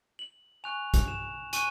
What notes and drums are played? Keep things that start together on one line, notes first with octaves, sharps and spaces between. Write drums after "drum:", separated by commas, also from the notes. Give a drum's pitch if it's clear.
F#7
G#5 C#6 F#6 F7
drum: kick, hi-hat
E7
G#5 C#6 F#6 D#7, drum: hi-hat